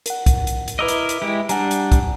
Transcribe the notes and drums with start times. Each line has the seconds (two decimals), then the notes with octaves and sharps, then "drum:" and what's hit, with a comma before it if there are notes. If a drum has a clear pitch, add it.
0.06 A#4 F#5, drum: hi-hat
0.26 drum: kick, hi-hat
0.47 drum: hi-hat
0.68 drum: hi-hat
0.79 E4 A#4 B4 D#5 D6 E6
0.88 drum: hi-hat
1.09 drum: hi-hat
1.22 G#3 E4 G4
1.49 G3 D4 F#5 G#5 A#5, drum: hi-hat
1.71 drum: hi-hat
1.92 drum: kick, hi-hat